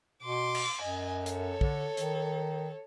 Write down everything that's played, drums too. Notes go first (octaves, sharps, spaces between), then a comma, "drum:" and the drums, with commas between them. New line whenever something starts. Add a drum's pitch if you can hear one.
B2 C6 D6
drum: cymbal
F#2 D#5 G#5
A4 C#5, drum: hi-hat
D3, drum: kick
D#3, drum: hi-hat